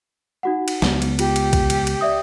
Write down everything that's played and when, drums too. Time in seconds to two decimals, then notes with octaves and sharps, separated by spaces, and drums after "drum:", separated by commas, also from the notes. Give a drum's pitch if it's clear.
0.43 D#4 F#4 F#5
0.68 drum: cymbal
0.82 C#2 B3, drum: snare
1.02 drum: cymbal
1.19 F4 G4, drum: cymbal
1.36 drum: cymbal
1.53 drum: kick B1, cymbal
1.70 drum: cymbal
1.87 drum: cymbal
2.01 D5 E5 D#6